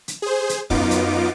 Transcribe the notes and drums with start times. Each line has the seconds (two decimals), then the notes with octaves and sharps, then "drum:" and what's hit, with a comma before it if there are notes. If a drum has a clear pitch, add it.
0.08 drum: hi-hat
0.22 G#4 C5
0.49 drum: hi-hat
0.70 F#2 B3 D#4 F4 D6, drum: kick
0.91 drum: hi-hat